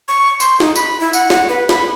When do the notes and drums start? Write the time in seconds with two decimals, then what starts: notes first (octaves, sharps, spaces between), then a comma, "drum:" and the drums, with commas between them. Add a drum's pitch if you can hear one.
0.08 C#6
0.40 C6, drum: tambourine
0.60 D#4, drum: snare
0.76 B5, drum: tambourine
1.00 E4
1.13 F#5, drum: tambourine
1.30 F#5, drum: snare
1.49 B4
1.69 B5, drum: snare